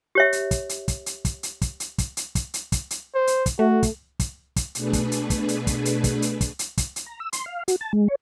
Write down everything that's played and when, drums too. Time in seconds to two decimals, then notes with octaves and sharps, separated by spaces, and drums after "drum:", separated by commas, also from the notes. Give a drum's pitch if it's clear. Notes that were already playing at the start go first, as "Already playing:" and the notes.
0.15 G4 C#5 E5
0.33 drum: hi-hat
0.51 drum: kick, hi-hat
0.69 drum: hi-hat
0.88 drum: kick, hi-hat
1.06 drum: hi-hat
1.25 drum: kick, hi-hat
1.43 drum: hi-hat
1.62 drum: kick, hi-hat
1.80 drum: hi-hat
1.98 drum: kick, hi-hat
2.17 drum: hi-hat
2.35 drum: kick, hi-hat
2.54 drum: hi-hat
2.72 drum: kick, hi-hat
2.91 drum: hi-hat
3.15 C5
3.27 drum: hi-hat
3.46 drum: kick, hi-hat
3.59 A3 F#4
3.83 drum: kick, hi-hat
4.20 drum: kick, hi-hat
4.56 drum: kick, hi-hat
4.75 B2 A3 D4 G#4 B4, drum: hi-hat
4.93 drum: kick, hi-hat
5.12 drum: hi-hat
5.30 drum: kick, hi-hat
5.49 drum: hi-hat
5.67 drum: kick, hi-hat
5.85 drum: hi-hat
6.04 drum: kick, hi-hat
6.22 drum: hi-hat
6.41 drum: kick, hi-hat
6.59 drum: hi-hat
6.78 drum: kick, hi-hat
6.96 drum: hi-hat
7.06 A#5
7.20 E6
7.33 C6, drum: hi-hat
7.46 F5
7.68 F#4, drum: hi-hat
7.81 A5
7.93 G#3
8.08 C#5